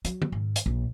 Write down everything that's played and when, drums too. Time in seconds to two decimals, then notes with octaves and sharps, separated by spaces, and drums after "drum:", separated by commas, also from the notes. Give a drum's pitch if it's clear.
0.05 F#3, drum: hi-hat
0.22 drum: tom
0.32 G#2
0.56 drum: hi-hat
0.66 A#1